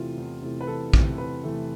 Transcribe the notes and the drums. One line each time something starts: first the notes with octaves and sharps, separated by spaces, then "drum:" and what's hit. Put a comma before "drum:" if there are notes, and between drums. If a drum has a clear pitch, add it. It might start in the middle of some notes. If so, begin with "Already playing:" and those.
Already playing: E2 C3 E3 A3 F4
E2
C3 E3 A3
B4
E2 A4
C3 E3 A3, drum: kick
E2 B4
C3 E3 A3